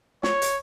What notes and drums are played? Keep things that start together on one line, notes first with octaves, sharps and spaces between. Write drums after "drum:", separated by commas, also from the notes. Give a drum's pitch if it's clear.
C#5, drum: snare
drum: hi-hat